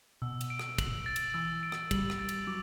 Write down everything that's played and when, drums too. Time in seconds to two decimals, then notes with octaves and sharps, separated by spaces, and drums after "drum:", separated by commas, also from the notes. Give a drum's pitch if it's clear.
0.22 B2 E6
0.41 drum: cymbal
0.50 D7
0.59 drum: rim click
0.78 F#7, drum: kick, cymbal
1.06 A6
1.16 drum: cymbal
1.34 E3 E6
1.63 D7
1.72 drum: rim click
1.91 G3 F#7, drum: kick, cymbal
2.10 drum: rim click
2.19 A6
2.29 drum: cymbal
2.47 F#3 D6